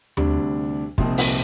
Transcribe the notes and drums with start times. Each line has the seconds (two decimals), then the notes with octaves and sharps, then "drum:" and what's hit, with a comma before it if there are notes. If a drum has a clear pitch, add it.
0.17 D2 C3 G3 D4, drum: tom D#2
0.98 C2 A#2 F3 C4 D#4, drum: kick
1.18 drum: open hi-hat